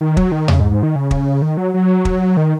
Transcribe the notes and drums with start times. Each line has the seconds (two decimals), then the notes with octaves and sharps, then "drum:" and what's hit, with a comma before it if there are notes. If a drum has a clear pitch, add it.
0.01 D#3
0.17 F#3, drum: kick
0.32 D#3
0.48 C#3, drum: tom E2
0.60 G#2
0.71 G#2
0.83 D#3
0.96 C#3
1.11 drum: kick
1.42 D#3
1.57 F#3
1.74 F#3
2.05 drum: kick
2.37 D#3